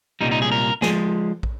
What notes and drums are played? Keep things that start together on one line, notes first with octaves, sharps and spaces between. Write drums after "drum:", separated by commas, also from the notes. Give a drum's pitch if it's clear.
C2 A#2 G3 D#4
D#4
G#4
A#4
F3 G#3 G#4, drum: snare
drum: kick